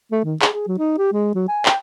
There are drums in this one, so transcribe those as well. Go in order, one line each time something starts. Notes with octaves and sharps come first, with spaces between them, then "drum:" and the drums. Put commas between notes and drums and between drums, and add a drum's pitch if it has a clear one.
A3
D#3
G#4, drum: clap
G#4
F#3
D#4
G4
G#3
F#3
G#5
G5, drum: clap